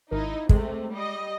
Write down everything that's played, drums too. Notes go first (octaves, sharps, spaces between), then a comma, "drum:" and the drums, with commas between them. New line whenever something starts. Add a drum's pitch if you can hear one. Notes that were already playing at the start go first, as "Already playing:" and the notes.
G#1 D#4 E4 A#4
C3 G#3 A3, drum: kick
G3 D#5